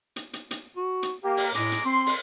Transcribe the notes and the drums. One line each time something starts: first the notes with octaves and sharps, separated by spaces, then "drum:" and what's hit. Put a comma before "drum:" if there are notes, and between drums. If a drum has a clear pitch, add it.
drum: hi-hat
drum: hi-hat
drum: hi-hat
F#4
drum: hi-hat
A#3 G4
drum: open hi-hat
A2 G#3 A#5 D6, drum: hi-hat
drum: hi-hat
C4 C6
drum: open hi-hat